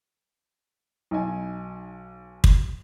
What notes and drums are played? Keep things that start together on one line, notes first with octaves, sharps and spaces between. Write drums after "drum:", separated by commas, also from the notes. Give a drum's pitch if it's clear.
B1 D#4 G#5
drum: kick